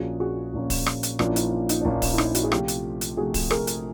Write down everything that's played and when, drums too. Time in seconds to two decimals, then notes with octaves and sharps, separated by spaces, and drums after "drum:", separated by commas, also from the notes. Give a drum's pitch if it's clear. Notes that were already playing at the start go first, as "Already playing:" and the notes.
Already playing: A#1 A#2 F3 A#3 C#4 F#4 G#4
0.20 F#4 G#4
0.54 A#1 A#2 F3 A#3 C#4
0.70 drum: kick, open hi-hat
0.86 drum: rim click
1.03 drum: hi-hat
1.19 A#1 A#2 F3 A#3 C#4 D4, drum: rim click
1.30 E4
1.36 D#4, drum: hi-hat
1.52 D4
1.69 D#4, drum: hi-hat
1.81 D4
1.85 A#1 A#2 F3 A#3 C#4 D#4
2.02 D4, drum: kick, open hi-hat
2.14 E4
2.18 D#4, drum: rim click
2.35 E4 F#4, drum: hi-hat
2.44 G#4
2.52 C3 F3 A3 F4 G4, drum: rim click
2.68 drum: hi-hat
3.01 drum: hi-hat
3.17 C3 F3 A3 F#4 G#4
3.34 drum: kick, open hi-hat
3.50 G#4 A#4, drum: rim click
3.67 drum: hi-hat